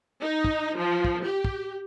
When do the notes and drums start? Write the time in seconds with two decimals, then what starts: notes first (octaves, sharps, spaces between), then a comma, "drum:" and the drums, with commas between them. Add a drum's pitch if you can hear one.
0.21 D#4
0.44 drum: kick
0.76 F3
1.04 drum: kick
1.25 G4
1.45 drum: kick